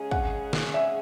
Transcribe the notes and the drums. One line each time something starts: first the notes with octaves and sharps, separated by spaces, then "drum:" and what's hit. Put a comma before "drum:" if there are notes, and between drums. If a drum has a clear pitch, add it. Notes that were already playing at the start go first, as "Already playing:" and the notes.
Already playing: C#3 G#3 C#4 G#4
F#5, drum: kick
drum: snare
E5